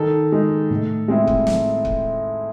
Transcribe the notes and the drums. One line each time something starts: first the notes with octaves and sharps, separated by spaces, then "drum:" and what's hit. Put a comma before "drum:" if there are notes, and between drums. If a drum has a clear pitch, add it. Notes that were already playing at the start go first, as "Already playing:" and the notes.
Already playing: D#3 A4
G#3 D#4
A2
G#3 C4 E4
drum: kick
drum: snare
drum: kick